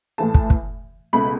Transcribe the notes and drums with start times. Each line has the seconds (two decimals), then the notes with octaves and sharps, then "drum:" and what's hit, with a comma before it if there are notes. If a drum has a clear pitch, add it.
0.18 A2 E3 A3 A5
0.34 drum: kick
0.50 drum: kick
1.13 C#2 B2 A3 B5